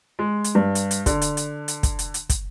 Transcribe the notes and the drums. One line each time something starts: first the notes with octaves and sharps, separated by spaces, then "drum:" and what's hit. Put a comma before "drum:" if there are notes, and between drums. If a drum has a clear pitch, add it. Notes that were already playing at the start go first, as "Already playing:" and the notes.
G#3
drum: hi-hat
G2
drum: hi-hat
drum: hi-hat
D3, drum: kick, hi-hat
drum: hi-hat
drum: hi-hat
drum: hi-hat
drum: kick, hi-hat
drum: hi-hat
drum: hi-hat
drum: kick, hi-hat